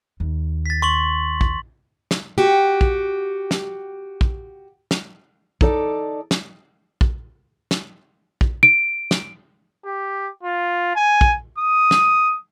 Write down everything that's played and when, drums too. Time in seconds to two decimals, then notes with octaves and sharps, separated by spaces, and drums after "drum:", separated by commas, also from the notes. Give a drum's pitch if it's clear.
0.20 D#2
0.66 A6 B6
0.82 C6 C#6 F#7
1.41 drum: kick
2.11 drum: snare
2.38 F#4 G4
2.81 drum: kick
3.51 drum: snare
4.21 drum: kick
4.91 drum: snare
5.61 D#4 A4 D5, drum: kick
6.31 drum: snare
7.01 drum: kick
7.71 drum: snare
8.41 drum: kick
8.63 D7
9.11 drum: snare
9.86 G4
10.43 F4
10.96 G#5
11.21 drum: kick
11.58 D#6
11.91 drum: snare